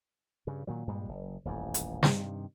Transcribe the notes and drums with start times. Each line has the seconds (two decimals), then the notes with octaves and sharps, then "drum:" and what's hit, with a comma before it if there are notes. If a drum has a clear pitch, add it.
0.47 G2 C#3
0.67 A#2 D#3 F#3
0.87 G2 A#2 G3 G#3
1.09 F#1
1.45 D#1 A1 F2
1.74 drum: hi-hat
2.03 G2 C3 D#3, drum: snare